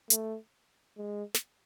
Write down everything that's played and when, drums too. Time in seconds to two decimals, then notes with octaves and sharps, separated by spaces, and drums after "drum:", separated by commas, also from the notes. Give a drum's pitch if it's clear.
0.10 A3, drum: hi-hat
0.98 G#3
1.34 drum: snare